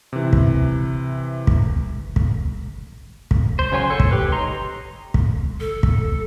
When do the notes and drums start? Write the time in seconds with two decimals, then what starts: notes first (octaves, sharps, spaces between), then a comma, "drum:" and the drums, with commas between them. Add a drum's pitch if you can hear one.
0.13 C3 E3
0.33 drum: kick
1.47 drum: kick
2.16 drum: kick
3.31 drum: kick
3.59 C5
3.72 C#3 F#3 C#5 G#5 C6
3.90 A4 C#5
4.00 drum: kick
4.11 G4 B4
4.32 D#4 A#5 C6
5.14 drum: kick
5.60 A4
5.83 drum: kick